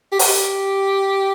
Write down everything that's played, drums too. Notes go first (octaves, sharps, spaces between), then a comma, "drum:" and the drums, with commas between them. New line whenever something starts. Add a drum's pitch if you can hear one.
G4
F#4, drum: open hi-hat
G4